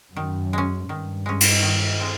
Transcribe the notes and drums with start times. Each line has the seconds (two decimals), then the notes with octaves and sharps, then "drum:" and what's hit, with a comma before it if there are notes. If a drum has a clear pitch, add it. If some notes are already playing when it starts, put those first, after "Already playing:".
0.16 F#2 D#3
0.53 G#3 C#4
0.89 G2 D#3
1.26 G#3 C#4
1.41 drum: cymbal
1.63 D#3
2.00 G#3 C4